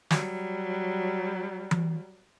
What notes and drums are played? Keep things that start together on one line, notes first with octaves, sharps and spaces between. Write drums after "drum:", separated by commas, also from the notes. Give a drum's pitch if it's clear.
F#3 G3, drum: snare
drum: tom E3